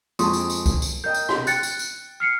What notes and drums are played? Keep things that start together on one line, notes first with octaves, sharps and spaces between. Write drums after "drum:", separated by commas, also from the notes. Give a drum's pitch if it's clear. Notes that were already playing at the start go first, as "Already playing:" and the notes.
F2 G#3 A5 C6 C#6 D#6, drum: tambourine
drum: tambourine
drum: tambourine
drum: kick C#2, tambourine
drum: tambourine
A#4 D#5 G5 G6
drum: tambourine
C3, drum: rim click
G5 F#6 A6 C#7, drum: tambourine
drum: tambourine
drum: tambourine
F6 C7 C#7